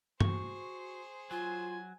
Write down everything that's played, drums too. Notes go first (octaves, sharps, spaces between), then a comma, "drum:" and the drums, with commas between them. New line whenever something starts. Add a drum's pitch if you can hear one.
F#4 G#4 C5 C#6, drum: tom G2
F#3 F4 G#5